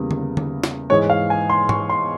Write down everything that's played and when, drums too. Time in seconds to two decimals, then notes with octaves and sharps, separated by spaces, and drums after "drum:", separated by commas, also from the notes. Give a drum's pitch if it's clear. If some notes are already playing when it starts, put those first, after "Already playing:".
Already playing: E2 C#3 G3 A#3
0.11 drum: tom D3
0.37 drum: tom D3
0.64 drum: snare
0.90 G#2 E3 G#3 C#5
1.10 F5
1.30 G#5
1.50 C6
1.69 C#6, drum: tom G#2
1.90 C6